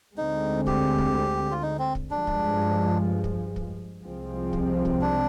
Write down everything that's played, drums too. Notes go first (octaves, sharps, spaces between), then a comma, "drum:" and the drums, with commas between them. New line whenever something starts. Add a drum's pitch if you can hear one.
D2 D3 G#3 C4 D#4
G4, drum: kick
drum: kick
F4
D#4
C4
drum: kick
G2 F3 G#3 D4
drum: kick
drum: kick
drum: kick
C2 C3 F3 G#3 C4
drum: kick
drum: kick
D4